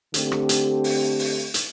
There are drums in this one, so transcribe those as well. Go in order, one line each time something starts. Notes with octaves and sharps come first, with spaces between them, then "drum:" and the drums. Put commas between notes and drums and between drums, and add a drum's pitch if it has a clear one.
D3 A3 C4 G4, drum: hi-hat
drum: rim click
drum: hi-hat
drum: open hi-hat
drum: open hi-hat
drum: hi-hat